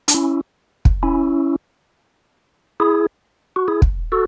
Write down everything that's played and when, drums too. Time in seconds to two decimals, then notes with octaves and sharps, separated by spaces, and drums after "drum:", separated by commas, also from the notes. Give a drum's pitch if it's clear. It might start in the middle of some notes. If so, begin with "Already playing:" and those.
0.08 D4, drum: hi-hat
0.14 C#4 E4
0.85 drum: kick
1.03 C#4 E4
2.80 E4 G#4
3.56 F#4
3.68 E4 G#4
3.82 drum: kick
4.12 F#4 A4